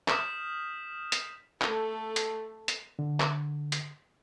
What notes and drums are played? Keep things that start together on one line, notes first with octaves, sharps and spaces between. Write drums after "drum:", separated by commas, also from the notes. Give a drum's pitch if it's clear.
D#6 F6 G6 B6 E7, drum: clap
drum: hi-hat
A3 A4, drum: clap
drum: hi-hat
drum: hi-hat
D3
drum: clap
drum: hi-hat